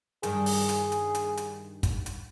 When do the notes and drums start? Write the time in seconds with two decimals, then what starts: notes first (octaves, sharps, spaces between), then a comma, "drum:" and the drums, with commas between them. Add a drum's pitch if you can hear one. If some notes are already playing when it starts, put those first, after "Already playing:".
0.23 G2 D#3 G#4, drum: hi-hat
0.46 drum: open hi-hat
0.69 drum: hi-hat
0.92 drum: hi-hat
1.15 drum: hi-hat
1.37 drum: hi-hat
1.83 drum: kick, hi-hat
2.06 drum: hi-hat